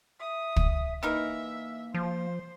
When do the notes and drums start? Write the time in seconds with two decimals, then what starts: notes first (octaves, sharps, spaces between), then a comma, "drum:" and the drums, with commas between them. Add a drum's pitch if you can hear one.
0.20 E5 D#6
0.56 drum: kick
1.03 E3 A#3 D#4 A#4 E5
1.94 F3 C5